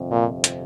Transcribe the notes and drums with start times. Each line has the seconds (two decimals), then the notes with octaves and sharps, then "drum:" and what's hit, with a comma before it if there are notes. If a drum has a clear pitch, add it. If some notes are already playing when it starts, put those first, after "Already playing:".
Already playing: G1 F2 C3
0.11 A#2
0.44 drum: hi-hat